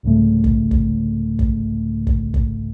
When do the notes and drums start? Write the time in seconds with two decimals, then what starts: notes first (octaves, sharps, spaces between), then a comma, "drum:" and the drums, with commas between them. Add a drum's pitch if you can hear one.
0.03 C2 G#2 C#3 A3
0.44 drum: kick
0.71 drum: kick
1.39 drum: kick
2.07 drum: kick
2.34 drum: kick